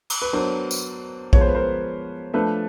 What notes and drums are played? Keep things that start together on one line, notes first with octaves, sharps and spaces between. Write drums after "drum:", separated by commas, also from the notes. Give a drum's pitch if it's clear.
drum: cymbal
B4
F#3 B3 D4 A#4 C5
drum: tambourine
F3 G#3 B3 C#5, drum: kick A#1
C5
B4
A#4 C5
F3 A3 D4 A4 B4